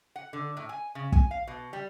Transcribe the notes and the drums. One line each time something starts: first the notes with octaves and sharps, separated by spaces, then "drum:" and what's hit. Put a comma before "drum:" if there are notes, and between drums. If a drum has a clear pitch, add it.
F#5
D3
A2
G#5
C#3
G#5, drum: kick
F5
B2
G3